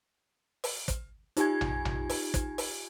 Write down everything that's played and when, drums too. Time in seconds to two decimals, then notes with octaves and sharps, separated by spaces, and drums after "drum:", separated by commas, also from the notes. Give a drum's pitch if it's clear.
0.64 drum: open hi-hat
0.88 drum: kick, hi-hat
1.37 D#4 F4 G4 G#5 G#6, drum: hi-hat
1.61 drum: tom A#1
1.85 drum: tom A#1
2.09 drum: open hi-hat
2.34 drum: kick, hi-hat
2.58 drum: open hi-hat